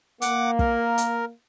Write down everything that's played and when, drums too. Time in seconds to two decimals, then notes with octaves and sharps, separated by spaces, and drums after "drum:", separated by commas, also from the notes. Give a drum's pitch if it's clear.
0.22 A#3 F#5 D6, drum: hi-hat
0.59 A#4, drum: kick
0.98 drum: hi-hat